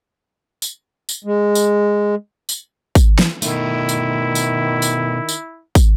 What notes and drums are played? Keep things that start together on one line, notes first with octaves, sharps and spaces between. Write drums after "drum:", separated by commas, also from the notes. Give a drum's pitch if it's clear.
drum: tambourine
drum: tambourine
G#3
drum: tambourine
drum: tambourine
drum: kick, tambourine
drum: snare
B2 D#3 A3 E4, drum: tambourine
drum: tambourine
drum: tambourine
drum: tambourine
drum: tambourine
drum: kick, tambourine